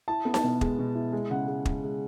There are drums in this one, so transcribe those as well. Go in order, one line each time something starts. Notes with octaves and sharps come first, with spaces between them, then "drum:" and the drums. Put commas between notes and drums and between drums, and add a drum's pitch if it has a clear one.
E4 A5
B3
A5, drum: snare D#4
B2
G#3, drum: kick
B2
E4
G#3
C#3 F#5
G#3
G#3, drum: kick
G#3